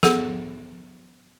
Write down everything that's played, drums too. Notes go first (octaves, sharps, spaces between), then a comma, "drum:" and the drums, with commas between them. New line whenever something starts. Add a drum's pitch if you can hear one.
B3 G#4 A4, drum: snare